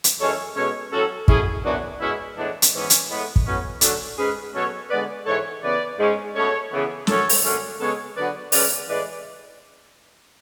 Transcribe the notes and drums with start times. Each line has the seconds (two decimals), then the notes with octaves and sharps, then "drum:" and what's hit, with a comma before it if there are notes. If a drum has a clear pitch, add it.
0.04 drum: hi-hat
0.19 F#2 E3 G#3 C#4 A4 C#5
0.56 B2 G#3 C#4 A4 C#5
0.91 A2 F#3 C#4 F#4 A4
1.28 B2 A3 C#4 E4 G#4, drum: kick
1.64 F#2 E3 B3 D4 F#4
2.00 B2 G#3 B3 C#4 E4
2.37 A2 E3 G#3 B3 D4
2.62 drum: hi-hat
2.73 G#2 E3 B3 C#4
2.90 drum: hi-hat
3.09 A2 G#3 B3
3.36 drum: kick
3.45 A2 F#3 B3 C#4
3.81 D3 F#3 A3 C#4 D4, drum: hi-hat
4.18 G#2 G#3 C#4 G#4 B4
4.54 B2 F#3 A3 C#4 A4 C#5
4.90 D3 G#3 B3 B4 D5
5.26 G#2 E3 G#3 A4 C#5
5.62 C#3 E3 B3 B4 D5
5.98 G#2 G#3 C#4
6.34 B2 A3 C#4 A4 C#5
6.71 C#3 E3 B3
7.07 F#2 D3 A3 C#4 A4 C#5, drum: snare
7.29 drum: open hi-hat
7.43 F#2 D3 A3 C#4
7.80 C#3 G#3 B3 A4 C#5
8.16 D3 F#3 B3 B4 D5
8.52 C#3 G#3 C#4 B4 D5, drum: open hi-hat
8.89 A2 E3 G#3 B4 D5